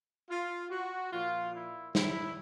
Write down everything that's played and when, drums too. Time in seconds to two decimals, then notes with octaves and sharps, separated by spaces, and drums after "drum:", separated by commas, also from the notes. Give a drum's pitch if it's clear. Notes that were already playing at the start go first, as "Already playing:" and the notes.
0.28 F4
0.70 F#4
1.12 A#2 F3 F4
1.53 E4
1.95 E4, drum: snare